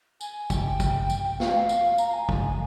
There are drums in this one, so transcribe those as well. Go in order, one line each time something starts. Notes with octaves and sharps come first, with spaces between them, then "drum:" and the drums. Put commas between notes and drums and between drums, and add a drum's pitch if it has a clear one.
G#5, drum: tambourine
G5, drum: kick, tambourine
drum: kick, tambourine
drum: tambourine
G5
F5, drum: snare
drum: tambourine
A#5, drum: tambourine
G#5
drum: kick